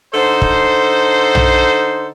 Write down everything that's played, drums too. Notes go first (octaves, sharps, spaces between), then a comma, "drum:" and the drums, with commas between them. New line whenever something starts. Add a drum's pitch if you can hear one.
D3 D#4 A4 C5
drum: kick
drum: tom